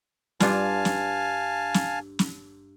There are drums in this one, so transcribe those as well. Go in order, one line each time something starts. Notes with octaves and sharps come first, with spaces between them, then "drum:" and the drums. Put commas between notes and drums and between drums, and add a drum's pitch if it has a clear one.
G2 D4 F4 F5 G#5 A5, drum: snare
drum: snare
drum: snare
drum: snare